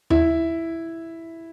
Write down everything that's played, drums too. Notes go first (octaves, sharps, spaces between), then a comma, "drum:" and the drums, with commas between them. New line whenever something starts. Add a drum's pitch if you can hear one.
E4, drum: tom D#2